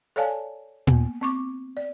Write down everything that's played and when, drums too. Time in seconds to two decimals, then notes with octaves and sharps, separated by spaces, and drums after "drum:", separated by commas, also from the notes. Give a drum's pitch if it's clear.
0.16 A4 C#5 D5 F5 G#5 A5
0.87 A#3 B3, drum: tom A#2
1.21 C4 C#6 D6
1.77 D5